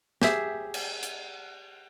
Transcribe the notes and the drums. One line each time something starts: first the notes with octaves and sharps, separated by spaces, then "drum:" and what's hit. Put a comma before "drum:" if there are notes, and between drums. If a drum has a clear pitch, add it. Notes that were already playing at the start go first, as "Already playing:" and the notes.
G4 G#4 E5, drum: snare
drum: cymbal
drum: hi-hat